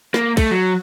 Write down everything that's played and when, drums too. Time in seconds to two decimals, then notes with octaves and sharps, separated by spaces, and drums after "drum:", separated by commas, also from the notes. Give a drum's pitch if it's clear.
0.14 A#3, drum: snare
0.37 A3, drum: kick, cymbal
0.51 F#3